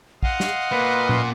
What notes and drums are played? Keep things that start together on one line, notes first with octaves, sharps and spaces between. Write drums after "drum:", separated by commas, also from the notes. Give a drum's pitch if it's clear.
D#5 F5 F#5 C6, drum: kick
drum: snare
A#2 B4
drum: tom A#2